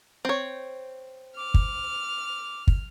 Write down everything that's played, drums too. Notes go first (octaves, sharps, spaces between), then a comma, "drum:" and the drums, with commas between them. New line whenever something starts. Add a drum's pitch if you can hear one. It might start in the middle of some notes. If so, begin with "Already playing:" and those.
C4 C#5
D6 F6
drum: kick
drum: kick